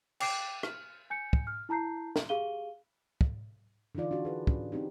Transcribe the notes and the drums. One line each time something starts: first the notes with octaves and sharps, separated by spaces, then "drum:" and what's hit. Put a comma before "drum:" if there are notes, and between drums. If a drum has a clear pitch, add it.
G5 D6 C7 D7, drum: cymbal
F6, drum: rim click
G#5 G6 C#7
drum: kick
F6
E4 A5 A#5 G6 C7
drum: snare
G4 G#4 F5 D#7 G7
drum: kick
D3 E3 D#4 F4 D5
D4 E4 F#4
G#4 B4
C#4, drum: kick
C4 C#4 D#4 G4